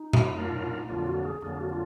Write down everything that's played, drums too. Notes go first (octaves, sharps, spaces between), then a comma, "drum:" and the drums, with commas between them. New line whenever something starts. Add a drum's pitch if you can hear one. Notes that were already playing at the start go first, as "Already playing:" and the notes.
Already playing: D#4
drum: tom A#2
A#2 F#3 D4 F4 A#4
F2 D3 F#3 A#3 D4 F4
F#4
G#4
F2 D3 F#3 A#3 D4 G#4
F#4
F4